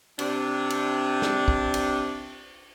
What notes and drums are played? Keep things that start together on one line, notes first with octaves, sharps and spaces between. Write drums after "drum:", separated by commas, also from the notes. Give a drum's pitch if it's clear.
C3 D4, drum: cymbal
drum: cymbal
drum: snare
drum: kick
drum: cymbal